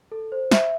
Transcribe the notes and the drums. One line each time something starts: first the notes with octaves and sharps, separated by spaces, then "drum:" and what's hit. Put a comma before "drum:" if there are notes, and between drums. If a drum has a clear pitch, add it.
A4
C5
E5, drum: snare